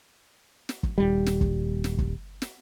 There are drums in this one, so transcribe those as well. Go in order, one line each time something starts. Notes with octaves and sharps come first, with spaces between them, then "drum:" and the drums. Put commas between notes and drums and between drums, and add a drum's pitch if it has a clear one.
drum: snare
drum: kick
D#1 G3
drum: snare
drum: kick
drum: snare
drum: kick
drum: snare